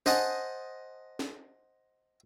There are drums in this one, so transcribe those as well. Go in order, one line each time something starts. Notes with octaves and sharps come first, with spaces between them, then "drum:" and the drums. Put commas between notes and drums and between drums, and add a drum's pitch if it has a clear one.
C5 D#5 F#5 G#5 A5 D#6, drum: snare
drum: snare